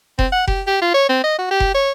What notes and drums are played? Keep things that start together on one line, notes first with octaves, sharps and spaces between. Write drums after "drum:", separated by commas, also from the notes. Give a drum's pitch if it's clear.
C4, drum: kick F1
F#5
G4, drum: kick F1
G4
F4
C#5
C4
D#5
F#4
G4
drum: kick F1
C#5